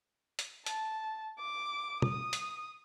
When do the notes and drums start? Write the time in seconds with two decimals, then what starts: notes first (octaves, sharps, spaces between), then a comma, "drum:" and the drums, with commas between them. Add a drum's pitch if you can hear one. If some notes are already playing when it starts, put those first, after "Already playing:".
0.39 drum: hi-hat
0.66 A5, drum: hi-hat
1.39 D6
2.02 D#6, drum: tom
2.33 drum: hi-hat